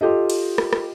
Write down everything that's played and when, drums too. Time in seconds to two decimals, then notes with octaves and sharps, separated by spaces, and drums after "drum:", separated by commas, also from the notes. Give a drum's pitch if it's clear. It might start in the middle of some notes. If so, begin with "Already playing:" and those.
0.01 F4 G4 A4 D#5
0.30 drum: cymbal
0.58 drum: rim click
0.73 drum: rim click